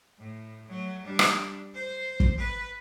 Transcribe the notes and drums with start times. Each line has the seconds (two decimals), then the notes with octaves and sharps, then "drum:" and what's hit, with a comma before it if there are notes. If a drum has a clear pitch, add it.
0.18 A2
0.68 F#3 A3
1.03 G3 D4
1.19 drum: rim click
1.75 C5
2.20 drum: kick
2.38 B4